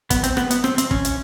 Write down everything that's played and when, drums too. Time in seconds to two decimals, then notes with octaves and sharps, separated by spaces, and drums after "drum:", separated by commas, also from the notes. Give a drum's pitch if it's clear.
0.10 B3, drum: kick, hi-hat
0.24 C4, drum: hi-hat
0.37 B3, drum: rim click
0.51 B3, drum: hi-hat
0.64 C4, drum: rim click
0.78 C4, drum: hi-hat
0.91 C#4, drum: kick
1.05 drum: hi-hat